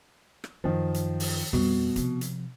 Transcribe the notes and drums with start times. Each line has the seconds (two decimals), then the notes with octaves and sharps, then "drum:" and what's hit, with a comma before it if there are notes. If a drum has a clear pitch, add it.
0.44 drum: rim click
0.64 F#2 D#3 F3
0.94 drum: hi-hat
1.20 drum: open hi-hat
1.53 F2 B2 G3
1.96 C3 F3, drum: hi-hat
2.21 drum: hi-hat